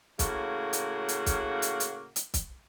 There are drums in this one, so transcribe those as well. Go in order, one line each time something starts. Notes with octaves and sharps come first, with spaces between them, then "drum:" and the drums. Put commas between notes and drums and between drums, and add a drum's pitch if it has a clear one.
A2 C#3 A#3 F#4, drum: kick, hi-hat
drum: hi-hat
drum: hi-hat
drum: kick, hi-hat
drum: hi-hat
drum: hi-hat
drum: hi-hat
drum: kick, hi-hat